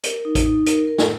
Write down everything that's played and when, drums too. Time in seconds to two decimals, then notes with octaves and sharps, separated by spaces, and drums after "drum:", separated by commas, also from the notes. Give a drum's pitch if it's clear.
0.03 A#4, drum: hi-hat
0.25 D#4
0.35 drum: kick A1, hi-hat
0.46 D#4
0.66 A#4, drum: hi-hat
0.88 A#4
0.98 drum: snare